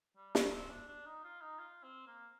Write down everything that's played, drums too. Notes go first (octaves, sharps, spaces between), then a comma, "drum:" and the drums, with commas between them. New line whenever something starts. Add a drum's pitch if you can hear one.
G3
A3, drum: snare
C4
D4
D4
D#4
F4
D#4
F4
C4
A#3